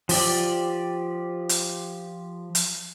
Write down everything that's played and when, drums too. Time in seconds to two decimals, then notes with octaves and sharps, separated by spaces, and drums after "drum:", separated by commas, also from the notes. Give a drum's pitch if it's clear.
0.09 F3 G4 D5, drum: open hi-hat
1.49 drum: hi-hat
2.55 drum: hi-hat